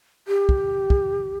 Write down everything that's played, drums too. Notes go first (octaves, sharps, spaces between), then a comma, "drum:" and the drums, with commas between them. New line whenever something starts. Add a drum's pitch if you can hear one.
G4
drum: kick
drum: kick